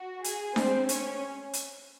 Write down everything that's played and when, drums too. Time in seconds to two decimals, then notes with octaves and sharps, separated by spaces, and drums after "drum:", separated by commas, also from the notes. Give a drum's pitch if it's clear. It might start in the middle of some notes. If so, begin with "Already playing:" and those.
Already playing: F#4
0.24 G#4, drum: hi-hat
0.56 C4 C5, drum: snare D4
0.89 C#4 C#5, drum: hi-hat
1.53 drum: hi-hat